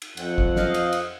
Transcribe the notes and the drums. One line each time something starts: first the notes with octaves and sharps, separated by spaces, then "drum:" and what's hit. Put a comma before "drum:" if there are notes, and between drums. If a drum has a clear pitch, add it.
drum: cymbal
F2 C4 F#5, drum: cymbal
drum: kick
D#5 F5, drum: snare
drum: cymbal
drum: cymbal